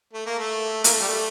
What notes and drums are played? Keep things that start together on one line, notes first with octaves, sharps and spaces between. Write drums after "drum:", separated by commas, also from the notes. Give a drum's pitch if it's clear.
A3
A#3
A3
A#3, drum: hi-hat
A3
G3
A3